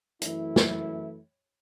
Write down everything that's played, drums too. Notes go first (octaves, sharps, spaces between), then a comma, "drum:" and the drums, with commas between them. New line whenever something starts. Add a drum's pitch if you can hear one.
F#2 E3 A3 E4, drum: hi-hat
drum: snare